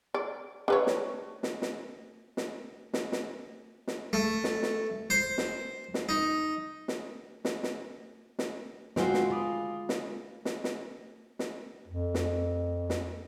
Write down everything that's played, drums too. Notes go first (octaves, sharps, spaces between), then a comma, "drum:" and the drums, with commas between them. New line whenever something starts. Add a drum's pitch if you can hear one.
D5
D4 B4 C#5
drum: snare
drum: snare
drum: snare
drum: snare
drum: snare
drum: snare
drum: snare
A3
drum: snare
drum: snare
C5
drum: snare
drum: snare
D#4
drum: snare
drum: snare
drum: snare
drum: snare
G#3 C4 F4 F#4 C5, drum: snare
drum: snare
F4 B5 D6 D#6
drum: snare
drum: snare
drum: snare
drum: snare
F2
drum: snare
drum: snare